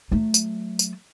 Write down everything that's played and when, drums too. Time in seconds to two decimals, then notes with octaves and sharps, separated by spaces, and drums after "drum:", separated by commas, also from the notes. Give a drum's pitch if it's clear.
0.12 F#3 A3
0.34 drum: tambourine
0.79 drum: tambourine